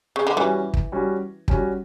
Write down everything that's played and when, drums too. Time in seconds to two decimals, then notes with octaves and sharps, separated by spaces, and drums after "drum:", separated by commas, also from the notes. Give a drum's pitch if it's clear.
0.16 C#3
0.27 D3
0.36 E3 G3 C#4 F#4
0.74 drum: kick
0.92 G3 C#4 F#4
1.48 G3 C#4 F#4, drum: kick